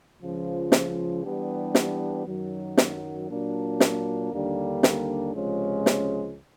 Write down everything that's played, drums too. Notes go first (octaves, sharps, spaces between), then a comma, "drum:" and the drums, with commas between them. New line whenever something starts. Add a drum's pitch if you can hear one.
C#2 C#3 F3
drum: snare
E3 G3 B3 D4 G4
drum: snare
F#2 D#3 F#3
drum: snare
A#2 F#3 A#3 D4
drum: snare
D#2 D3 G3 A#3 D4
drum: snare
C#2 C3 F3 G#3 C#4
drum: snare